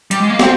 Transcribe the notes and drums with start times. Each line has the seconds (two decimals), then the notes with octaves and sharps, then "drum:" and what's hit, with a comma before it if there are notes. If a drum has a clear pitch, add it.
0.11 G3, drum: hi-hat
0.20 G#3
0.30 A#3
0.39 C4, drum: snare